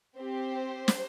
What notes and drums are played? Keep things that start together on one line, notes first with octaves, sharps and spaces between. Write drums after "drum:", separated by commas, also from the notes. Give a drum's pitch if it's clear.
C4 G4 C5
drum: snare